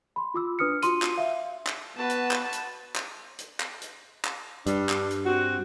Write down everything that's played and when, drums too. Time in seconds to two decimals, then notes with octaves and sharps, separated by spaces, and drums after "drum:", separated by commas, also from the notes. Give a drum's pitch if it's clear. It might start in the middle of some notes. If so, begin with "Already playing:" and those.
0.16 B5 C6
0.34 F4 D6 E6
0.59 D4 B4 D#6 F6 C#7
0.82 F4 F#4 C6 D#7, drum: hi-hat
1.02 drum: clap
1.18 E5 F5
1.67 drum: clap
1.97 B3 F#4 B4 A5
2.10 drum: hi-hat
2.31 drum: clap
2.53 drum: hi-hat
2.96 drum: clap
3.39 drum: hi-hat
3.60 drum: clap
3.82 drum: hi-hat
4.25 drum: clap
4.66 G2 G3 D4, drum: hi-hat
4.89 drum: clap
5.11 drum: hi-hat
5.25 C4 F#4